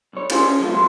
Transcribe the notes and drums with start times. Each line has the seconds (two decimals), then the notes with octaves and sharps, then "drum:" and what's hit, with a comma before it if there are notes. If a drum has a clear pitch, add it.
0.13 B1 C#5
0.30 C#2 C#4 F4 G#4 A#4 C5, drum: cymbal
0.45 C#4
0.60 F3 F#3 A3 C4 F4
0.73 E2 F#3 B3 C6